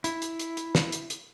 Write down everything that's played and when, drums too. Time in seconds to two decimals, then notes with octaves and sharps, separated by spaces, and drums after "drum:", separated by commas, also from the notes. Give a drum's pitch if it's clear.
0.04 E4, drum: hi-hat
0.22 drum: hi-hat
0.39 drum: hi-hat
0.57 drum: hi-hat
0.75 drum: snare
0.92 drum: hi-hat
1.10 drum: hi-hat